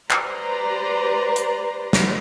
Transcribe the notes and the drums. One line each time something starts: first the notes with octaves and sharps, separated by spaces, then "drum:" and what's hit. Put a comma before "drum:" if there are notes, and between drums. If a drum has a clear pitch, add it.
G4 B4 C5 D5 A#5 C6, drum: clap
drum: hi-hat
drum: snare